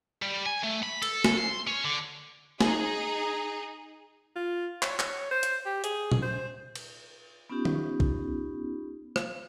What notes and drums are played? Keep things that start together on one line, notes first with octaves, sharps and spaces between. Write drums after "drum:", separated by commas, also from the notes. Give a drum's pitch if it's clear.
G3
G#5
A3
B5
A4, drum: cymbal
drum: snare
C6
C#4
D3
D#4 G#4, drum: snare
F4
C#5, drum: clap
drum: clap
C5
drum: hi-hat
G4
G#4, drum: hi-hat
drum: tom A#2
C5
drum: cymbal
B3 C#4 D#4 F4 G4
drum: tom D#3
drum: kick
drum: rim click